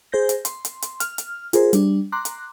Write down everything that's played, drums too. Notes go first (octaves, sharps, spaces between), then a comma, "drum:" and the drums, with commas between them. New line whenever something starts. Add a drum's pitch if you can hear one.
G#4 C5 G6 A#6
drum: hi-hat
C6, drum: hi-hat
drum: hi-hat
drum: hi-hat
F6, drum: hi-hat
drum: hi-hat
F4 G#4 A#4 C5, drum: hi-hat
G3 D4, drum: hi-hat
A#5 C6 D6 F#6
drum: hi-hat